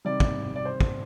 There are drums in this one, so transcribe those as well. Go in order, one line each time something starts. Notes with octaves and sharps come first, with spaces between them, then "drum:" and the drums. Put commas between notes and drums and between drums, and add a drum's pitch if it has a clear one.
C3 D#3 G3 D5
drum: kick
D5
C5
drum: kick